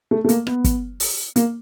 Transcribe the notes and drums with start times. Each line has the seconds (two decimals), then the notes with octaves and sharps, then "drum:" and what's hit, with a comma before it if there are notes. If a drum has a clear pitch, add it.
0.11 A3
0.25 A3
0.29 A#3, drum: hi-hat
0.47 B3, drum: rim click
0.64 drum: kick, hi-hat
1.00 drum: open hi-hat
1.36 A#3, drum: hi-hat